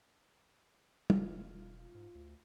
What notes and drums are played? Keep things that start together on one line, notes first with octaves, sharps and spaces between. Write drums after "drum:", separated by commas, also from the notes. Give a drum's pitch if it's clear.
E1 F4, drum: tom
G#2
D2